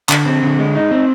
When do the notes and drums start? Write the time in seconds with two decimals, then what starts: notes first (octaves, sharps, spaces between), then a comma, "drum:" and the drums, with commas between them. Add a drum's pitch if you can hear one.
0.09 D3, drum: clap
0.26 C4
0.43 D3
0.59 G#3
0.75 D#4
0.91 C4